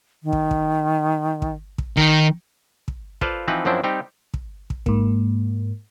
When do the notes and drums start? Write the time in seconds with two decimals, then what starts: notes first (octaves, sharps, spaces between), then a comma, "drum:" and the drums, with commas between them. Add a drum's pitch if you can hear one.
0.23 D#3
0.33 drum: kick
0.51 drum: kick
1.42 drum: kick
1.78 drum: kick
1.97 D#3, drum: kick
2.88 drum: kick
3.21 F4 A4 B4 C5 D5 F5, drum: kick
3.48 E3 F3 C4 D#4 B4
3.65 F#2 F3 F#3 C4 D4 E4
3.84 G3 C4 D#4 G4
4.34 drum: kick
4.70 drum: kick
4.86 G#2 A#3, drum: kick